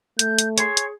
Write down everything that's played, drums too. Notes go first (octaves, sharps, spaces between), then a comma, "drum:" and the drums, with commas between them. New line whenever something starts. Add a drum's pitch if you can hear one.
A3 G6, drum: hi-hat
drum: hi-hat
G#4 C#5 G#5 C6, drum: hi-hat
drum: hi-hat